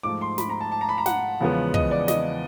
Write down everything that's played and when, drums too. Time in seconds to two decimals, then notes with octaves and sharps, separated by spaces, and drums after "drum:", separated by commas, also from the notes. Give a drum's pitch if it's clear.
0.03 G#2 F3 A3 D6
0.21 C6
0.38 B5, drum: snare
0.49 A#5
0.60 A5
0.72 A5
0.81 A#5
0.89 B5
0.98 A#5
1.06 F#5, drum: snare
1.41 E2 C#3 F3 G#3 B3
1.74 D#5, drum: kick
1.91 D5
2.08 D#5, drum: snare